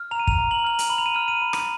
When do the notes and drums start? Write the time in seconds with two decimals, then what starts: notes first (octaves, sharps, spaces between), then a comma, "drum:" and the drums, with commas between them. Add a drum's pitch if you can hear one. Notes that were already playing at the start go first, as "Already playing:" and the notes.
Already playing: F6
0.11 A#5 F7
0.19 D#7
0.27 F7, drum: kick
0.38 A#5
0.51 F#7
0.64 F6 F#7
0.79 drum: hi-hat
0.90 B5 F#7
0.98 F7
1.06 D#7
1.15 F6 F7
1.28 D#7
1.42 B5
1.53 drum: rim click